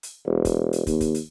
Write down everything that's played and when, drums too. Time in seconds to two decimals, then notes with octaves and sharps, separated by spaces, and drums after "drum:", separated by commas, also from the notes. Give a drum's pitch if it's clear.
0.03 drum: hi-hat
0.26 E1
0.45 drum: kick, hi-hat
0.73 drum: hi-hat
0.87 D#2, drum: kick, hi-hat
1.01 drum: kick, hi-hat
1.14 drum: hi-hat